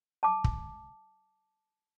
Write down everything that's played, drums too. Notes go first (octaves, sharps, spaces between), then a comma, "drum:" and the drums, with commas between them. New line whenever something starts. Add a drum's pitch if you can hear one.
A5 D6
drum: kick